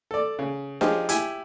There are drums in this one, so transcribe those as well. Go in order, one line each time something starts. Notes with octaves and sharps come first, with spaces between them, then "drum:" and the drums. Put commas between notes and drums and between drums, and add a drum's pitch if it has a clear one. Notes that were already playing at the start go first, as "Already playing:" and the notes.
A4 D5
C#3
F3 D#4 F4 G4 G#4, drum: snare D4
E4 G4 G#5, drum: hi-hat